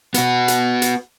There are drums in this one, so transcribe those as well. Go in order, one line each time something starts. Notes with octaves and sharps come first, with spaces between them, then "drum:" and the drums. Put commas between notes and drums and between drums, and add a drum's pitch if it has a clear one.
B3 F#4, drum: hi-hat
drum: hi-hat
drum: hi-hat